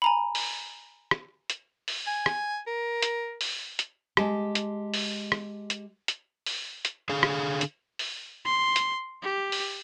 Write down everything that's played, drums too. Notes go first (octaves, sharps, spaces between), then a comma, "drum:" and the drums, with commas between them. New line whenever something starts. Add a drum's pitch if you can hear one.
G#5 A#5 B5
drum: open hi-hat
drum: rim click
drum: hi-hat
drum: open hi-hat
G#5
drum: rim click
A#4
drum: hi-hat
drum: open hi-hat
drum: hi-hat
G#3 G4 A5, drum: rim click
drum: hi-hat
drum: open hi-hat
drum: rim click
drum: hi-hat
drum: hi-hat
drum: open hi-hat
drum: hi-hat
D3 G#4 F5
drum: rim click
drum: hi-hat
drum: open hi-hat
C6
drum: hi-hat
G4
drum: open hi-hat